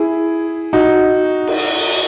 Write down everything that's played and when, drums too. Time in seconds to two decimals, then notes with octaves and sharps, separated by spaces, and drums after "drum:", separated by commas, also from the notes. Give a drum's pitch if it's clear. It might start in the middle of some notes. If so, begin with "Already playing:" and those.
Already playing: E4 G#4
0.73 D#4 F#4
1.47 drum: cymbal